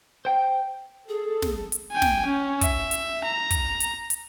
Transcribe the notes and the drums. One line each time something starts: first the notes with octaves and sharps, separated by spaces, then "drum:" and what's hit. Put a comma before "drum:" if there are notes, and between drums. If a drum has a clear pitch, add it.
C5 G5
G#4 A4
drum: snare
drum: hi-hat
G5 G#5
drum: snare
C#4
E5, drum: kick, hi-hat
drum: hi-hat
A#5
drum: kick, hi-hat
drum: hi-hat
drum: hi-hat